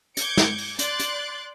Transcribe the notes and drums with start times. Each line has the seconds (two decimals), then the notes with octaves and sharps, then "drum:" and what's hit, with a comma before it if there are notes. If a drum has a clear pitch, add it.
0.17 D6 G6 G#6 C#7 D7, drum: hi-hat
0.37 drum: snare
0.58 drum: open hi-hat
0.79 D5 C6 D6 F#6 G6 A6, drum: hi-hat
1.00 drum: hi-hat